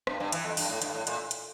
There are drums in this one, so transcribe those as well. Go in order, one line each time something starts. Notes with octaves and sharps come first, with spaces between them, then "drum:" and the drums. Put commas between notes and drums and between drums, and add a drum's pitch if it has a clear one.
G2, drum: rim click
G2
E3, drum: hi-hat
F2
G2, drum: open hi-hat
A2
G2, drum: hi-hat
A2
A#2, drum: hi-hat
drum: hi-hat